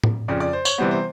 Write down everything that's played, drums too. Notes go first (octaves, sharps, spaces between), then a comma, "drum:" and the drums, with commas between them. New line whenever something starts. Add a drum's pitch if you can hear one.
drum: tom A2
F2 C#3 F3 D5
D5
C5
C#5, drum: tambourine
C3 E3 G3 B3 C5
C5